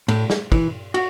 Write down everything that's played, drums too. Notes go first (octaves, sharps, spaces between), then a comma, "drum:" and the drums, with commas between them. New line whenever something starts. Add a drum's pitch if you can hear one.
A2, drum: cymbal
drum: snare
E3, drum: kick, cymbal
F#4, drum: cymbal